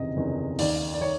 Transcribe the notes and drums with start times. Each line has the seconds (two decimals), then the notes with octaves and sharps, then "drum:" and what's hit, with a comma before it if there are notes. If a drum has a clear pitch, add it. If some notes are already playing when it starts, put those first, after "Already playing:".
Already playing: F#1 E2 C3 D#3 D#5
0.16 F#1 E2 C3 D#3
0.59 D#2 D#3 D5, drum: open hi-hat
0.93 D5
1.01 D#3 C#5